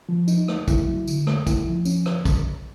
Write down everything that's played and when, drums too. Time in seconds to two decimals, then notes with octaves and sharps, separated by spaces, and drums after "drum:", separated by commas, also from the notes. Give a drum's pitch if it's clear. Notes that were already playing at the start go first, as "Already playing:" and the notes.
0.09 F3
0.28 D#4, drum: tambourine
0.48 A3, drum: rim click
0.68 E4, drum: kick, tambourine
0.88 F#3
1.07 D3, drum: tambourine
1.27 A3, drum: rim click
1.47 E4, drum: kick, tambourine
1.66 F3
1.85 C#4, drum: tambourine
2.06 drum: rim click
2.25 drum: kick, tambourine